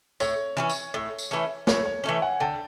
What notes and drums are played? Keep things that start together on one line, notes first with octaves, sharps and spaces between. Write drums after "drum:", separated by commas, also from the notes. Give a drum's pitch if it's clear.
A2 C#5, drum: tambourine
E3 A3 C#4
drum: tambourine
A2
drum: tambourine
E3 A3 C#4
A2 C#5, drum: snare
C#5
E3 A3 C#4
F#5 G#5
D3 G5 A5